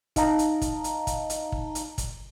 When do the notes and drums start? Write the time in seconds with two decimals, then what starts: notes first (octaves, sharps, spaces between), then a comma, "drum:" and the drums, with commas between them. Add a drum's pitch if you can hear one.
0.16 D#4 D#5 F5 A5 A#5, drum: kick, hi-hat
0.39 drum: hi-hat
0.62 drum: kick, hi-hat
0.84 drum: hi-hat
1.07 drum: kick, hi-hat
1.30 drum: hi-hat
1.52 drum: kick
1.75 drum: hi-hat
1.98 drum: kick, hi-hat